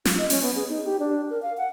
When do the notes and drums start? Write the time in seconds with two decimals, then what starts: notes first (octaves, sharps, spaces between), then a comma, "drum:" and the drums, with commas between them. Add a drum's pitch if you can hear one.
0.05 F4, drum: snare
0.18 D#5
0.30 C#4, drum: open hi-hat
0.43 B3
0.56 G#4
0.69 D#4
0.85 G4
1.00 D4
1.30 A#4
1.42 F5
1.57 F#5